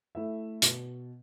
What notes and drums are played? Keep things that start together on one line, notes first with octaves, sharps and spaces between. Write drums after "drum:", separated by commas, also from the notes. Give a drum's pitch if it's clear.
A3 E4 A4 E5
B2, drum: hi-hat